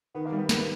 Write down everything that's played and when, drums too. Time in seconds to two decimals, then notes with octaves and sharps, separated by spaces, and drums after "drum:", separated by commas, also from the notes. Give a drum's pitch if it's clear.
0.15 D#3 B3
0.26 A#3
0.32 G3
0.38 B3
0.49 A#3 B3, drum: snare